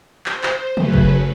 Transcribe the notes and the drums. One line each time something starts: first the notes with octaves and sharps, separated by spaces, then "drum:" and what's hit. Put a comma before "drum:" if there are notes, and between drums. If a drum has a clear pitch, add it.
C5, drum: clap
drum: clap
F#2 C#3 F#3 A3 C#4 B4, drum: tom C3
drum: kick